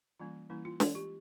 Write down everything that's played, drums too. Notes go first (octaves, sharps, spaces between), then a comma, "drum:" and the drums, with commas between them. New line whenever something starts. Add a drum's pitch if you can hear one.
E3 G3 A#3 C#4 F4
E3 G3 A#3 C#4 E4
F4
E3 G#3 C#4 F4, drum: snare
G4